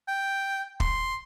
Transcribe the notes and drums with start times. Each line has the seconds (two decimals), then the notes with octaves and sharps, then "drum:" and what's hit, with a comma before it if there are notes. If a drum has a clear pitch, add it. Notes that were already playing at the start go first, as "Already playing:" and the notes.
0.08 G5
0.80 C6, drum: kick